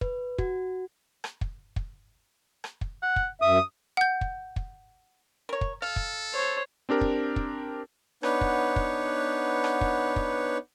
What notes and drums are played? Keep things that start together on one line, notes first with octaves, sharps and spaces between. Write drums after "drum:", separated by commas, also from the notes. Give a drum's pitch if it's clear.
B4, drum: kick
F#4, drum: kick
drum: rim click
drum: kick
drum: kick
drum: rim click
drum: kick
F#5
drum: kick
F#2 E5 D#6
F#5 G6
drum: kick
drum: kick
A#4 C#5
drum: kick
A4 F5
drum: kick
C5 C#5
C4 D4 G4 A#4
drum: kick
drum: kick
B3 D4 D#4 B4 C#5 F#5, drum: rim click
drum: kick
drum: kick
drum: rim click
drum: kick
drum: kick